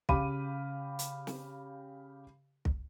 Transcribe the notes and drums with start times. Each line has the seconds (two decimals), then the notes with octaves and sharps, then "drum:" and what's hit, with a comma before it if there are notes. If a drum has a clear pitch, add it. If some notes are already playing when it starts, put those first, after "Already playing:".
0.09 C#3 G4 F5 B5 D6 D#7, drum: kick
0.99 drum: hi-hat
1.27 drum: snare
2.65 drum: kick